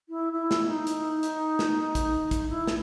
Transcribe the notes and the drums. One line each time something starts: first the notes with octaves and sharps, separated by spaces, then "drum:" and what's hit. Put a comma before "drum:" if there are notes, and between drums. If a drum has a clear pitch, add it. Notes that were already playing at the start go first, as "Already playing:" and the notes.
E4
E4
drum: snare
D#4
drum: hi-hat
drum: hi-hat
drum: snare
drum: kick, hi-hat
drum: kick, hi-hat
E4
drum: snare